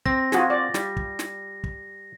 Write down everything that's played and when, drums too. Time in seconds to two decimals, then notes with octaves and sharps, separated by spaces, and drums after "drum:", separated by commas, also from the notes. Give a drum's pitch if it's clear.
0.06 C4 A#6, drum: kick
0.32 F4 F#4 G#4, drum: snare
0.50 D5
0.74 G3, drum: snare
0.97 drum: kick
1.19 drum: snare
1.64 drum: kick